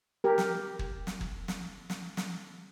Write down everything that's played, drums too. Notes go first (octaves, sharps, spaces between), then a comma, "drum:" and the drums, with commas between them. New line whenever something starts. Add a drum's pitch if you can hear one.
G4 A#4
drum: snare
drum: kick
drum: snare
drum: kick
drum: snare
drum: snare
drum: snare